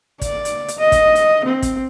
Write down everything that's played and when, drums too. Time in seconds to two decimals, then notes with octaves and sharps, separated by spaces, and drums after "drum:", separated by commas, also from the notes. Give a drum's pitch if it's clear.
0.21 D5, drum: kick, hi-hat
0.45 drum: hi-hat
0.68 drum: hi-hat
0.78 D#5
0.92 drum: kick, hi-hat
1.15 drum: hi-hat
1.45 C4
1.62 drum: kick, hi-hat